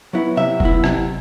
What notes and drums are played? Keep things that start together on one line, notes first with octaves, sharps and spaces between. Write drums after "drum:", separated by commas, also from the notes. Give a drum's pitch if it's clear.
F#3 B3 E4
C3 E5
F#3 B3 E4, drum: kick F1
C3, drum: rim click